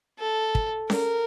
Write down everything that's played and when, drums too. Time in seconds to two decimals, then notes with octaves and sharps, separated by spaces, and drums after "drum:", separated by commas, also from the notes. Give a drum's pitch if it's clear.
0.19 A4
0.55 drum: kick
0.90 A#4, drum: snare C#4